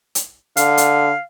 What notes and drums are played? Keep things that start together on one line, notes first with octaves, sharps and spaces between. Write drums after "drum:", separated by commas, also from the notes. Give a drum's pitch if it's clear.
drum: hi-hat
D3 F5, drum: hi-hat
drum: hi-hat